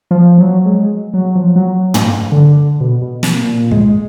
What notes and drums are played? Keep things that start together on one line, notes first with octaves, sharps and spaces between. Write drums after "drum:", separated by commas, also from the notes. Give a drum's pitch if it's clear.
F3
F#3
G#3
F#3
F3
F#3
drum: tom
D3
B2
B2
A#2, drum: snare
A#2
G#3, drum: kick